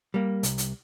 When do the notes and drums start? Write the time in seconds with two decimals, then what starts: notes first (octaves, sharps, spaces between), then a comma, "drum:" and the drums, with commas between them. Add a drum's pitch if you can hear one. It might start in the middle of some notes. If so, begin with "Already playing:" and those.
0.14 G3 A#3
0.43 C2, drum: hi-hat
0.58 drum: hi-hat